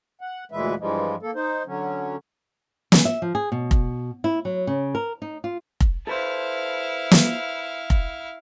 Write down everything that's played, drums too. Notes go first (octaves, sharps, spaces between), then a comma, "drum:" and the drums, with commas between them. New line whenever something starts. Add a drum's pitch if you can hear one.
F#5
D2 A#2 E3 G#3 B4 E5
G2 E3 F3 G3 G#3
A#3 A4
D#4 C5
D3 F#3 C#4
C#3, drum: snare
E5
F3
G#4
B2
drum: kick F1
E4
F#3
C#3
A#4
D#4
F4
drum: kick F1
E4 A4 B4 C5 F5
drum: snare
drum: kick F1